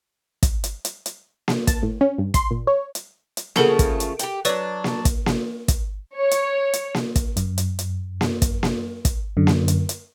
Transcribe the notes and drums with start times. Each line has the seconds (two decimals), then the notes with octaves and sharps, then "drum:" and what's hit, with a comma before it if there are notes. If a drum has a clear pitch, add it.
0.43 drum: kick, hi-hat
0.64 drum: hi-hat
0.85 drum: hi-hat
1.06 drum: hi-hat
1.48 drum: snare A#3
1.67 A5, drum: kick, hi-hat
1.83 A2
2.01 C#4
2.18 G2
2.34 C6, drum: kick, hi-hat
2.51 A#2
2.67 C#5
2.95 drum: hi-hat
3.37 drum: hi-hat
3.56 C#3 F3 A3 A4 A#4 F#5, drum: snare A#3
3.79 drum: kick, hi-hat
4.00 drum: hi-hat
4.19 G4 G5, drum: hi-hat
4.45 F#3 D4 B4 C#5 D5, drum: hi-hat
4.84 drum: snare A#3
5.05 drum: kick, hi-hat
5.26 drum: snare A#3
5.68 drum: kick, hi-hat
6.18 C#5
6.31 drum: hi-hat
6.73 drum: hi-hat
6.94 drum: snare A#3
7.16 drum: kick, hi-hat
7.37 F#2, drum: hi-hat
7.58 drum: hi-hat
7.79 drum: hi-hat
8.21 drum: snare A#3
8.42 drum: kick, hi-hat
8.63 drum: snare A#3
9.05 drum: kick, hi-hat
9.37 F#2 D3
9.47 drum: snare A#3
9.68 drum: hi-hat
9.89 drum: hi-hat